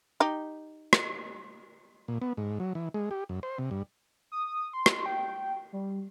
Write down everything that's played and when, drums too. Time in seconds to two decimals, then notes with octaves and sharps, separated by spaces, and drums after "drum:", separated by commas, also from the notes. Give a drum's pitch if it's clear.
0.20 D#4 G4
0.93 drum: rim click
2.08 A#2
2.22 B3
2.37 G#2
2.60 F#3
2.75 E3
2.94 G#3
3.11 G4
3.29 F#2
3.43 C5
3.58 C3
3.71 G2
4.32 D#6
4.73 C6
4.86 drum: rim click
5.06 G5
5.73 G3